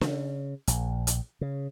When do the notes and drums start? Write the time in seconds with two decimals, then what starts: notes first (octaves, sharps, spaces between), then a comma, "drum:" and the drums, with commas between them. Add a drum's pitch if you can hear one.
0.01 C#3, drum: snare
0.67 A#1, drum: hi-hat
1.07 drum: hi-hat
1.41 C#3